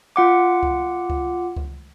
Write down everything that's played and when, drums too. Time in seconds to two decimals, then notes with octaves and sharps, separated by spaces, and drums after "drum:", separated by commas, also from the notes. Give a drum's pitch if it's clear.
0.16 F4 F#5 D6
0.63 drum: kick C#2
1.10 drum: kick C#2
1.56 drum: kick C#2